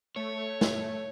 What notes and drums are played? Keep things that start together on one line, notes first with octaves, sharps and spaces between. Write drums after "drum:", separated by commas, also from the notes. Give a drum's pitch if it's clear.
A3 C#5
drum: snare